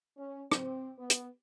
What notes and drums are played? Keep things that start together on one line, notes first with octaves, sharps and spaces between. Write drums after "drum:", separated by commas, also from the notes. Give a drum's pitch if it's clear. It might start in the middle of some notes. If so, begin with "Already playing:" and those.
C#4
C4, drum: rim click
B3
drum: hi-hat